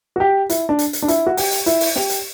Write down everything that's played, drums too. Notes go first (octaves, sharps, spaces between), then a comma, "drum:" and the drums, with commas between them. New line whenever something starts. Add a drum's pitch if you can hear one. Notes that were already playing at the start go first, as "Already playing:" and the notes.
F#4
G4
E4, drum: hi-hat
D4
drum: hi-hat
drum: hi-hat
D4
E4, drum: hi-hat
F#4
G4, drum: open hi-hat
drum: hi-hat
E4, drum: hi-hat
drum: open hi-hat
G4, drum: snare
drum: hi-hat